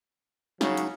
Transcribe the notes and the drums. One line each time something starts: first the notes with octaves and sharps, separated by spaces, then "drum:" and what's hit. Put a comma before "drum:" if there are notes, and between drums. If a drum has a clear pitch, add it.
C#3 F#3 D#4, drum: snare
drum: hi-hat